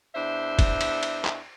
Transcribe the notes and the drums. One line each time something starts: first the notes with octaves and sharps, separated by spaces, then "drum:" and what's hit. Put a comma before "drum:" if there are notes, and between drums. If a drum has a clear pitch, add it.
E2 D4 C5 E5
drum: kick, cymbal
drum: cymbal
drum: cymbal
drum: clap